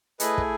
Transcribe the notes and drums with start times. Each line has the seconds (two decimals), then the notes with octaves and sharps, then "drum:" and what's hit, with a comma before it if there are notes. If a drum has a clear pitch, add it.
0.20 A3 E4 G#4 B4 D#5, drum: hi-hat
0.38 drum: kick